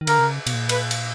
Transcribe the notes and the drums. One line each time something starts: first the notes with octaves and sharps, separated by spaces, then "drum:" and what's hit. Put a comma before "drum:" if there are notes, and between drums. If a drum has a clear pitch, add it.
D#3
D3 A#4, drum: cymbal
C3
C#3
B2, drum: cymbal
A#2
B4, drum: cymbal
drum: cymbal